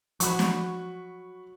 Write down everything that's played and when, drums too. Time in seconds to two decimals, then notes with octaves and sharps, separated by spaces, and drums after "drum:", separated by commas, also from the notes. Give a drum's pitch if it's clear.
0.20 F3 F#3 F#4 B5 C#6, drum: hi-hat
0.39 drum: snare